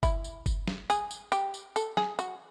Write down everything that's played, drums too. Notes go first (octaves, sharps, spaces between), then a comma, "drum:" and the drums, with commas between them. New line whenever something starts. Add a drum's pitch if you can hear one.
E4, drum: kick F#1, tambourine
drum: tambourine
drum: kick F#1, tambourine
drum: snare
G#4, drum: tambourine
drum: tambourine
G4, drum: tambourine
drum: tambourine
A4, drum: tambourine
G#4, drum: snare
F#4, drum: tambourine